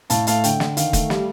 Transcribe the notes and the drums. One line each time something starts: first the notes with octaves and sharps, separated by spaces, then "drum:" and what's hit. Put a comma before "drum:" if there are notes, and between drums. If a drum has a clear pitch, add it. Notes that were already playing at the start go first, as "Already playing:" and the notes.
A2 F5 A5, drum: hi-hat
A3 F5 A5, drum: hi-hat
D3 G5, drum: hi-hat
D3, drum: snare
D#3 F5, drum: hi-hat
A3, drum: kick, hi-hat
G3, drum: snare